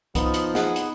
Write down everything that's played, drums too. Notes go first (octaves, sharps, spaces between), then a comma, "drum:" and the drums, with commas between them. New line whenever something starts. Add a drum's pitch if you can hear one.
F3 B3 D#4, drum: kick C2, hi-hat
drum: hi-hat
G#4 F#5, drum: snare
drum: hi-hat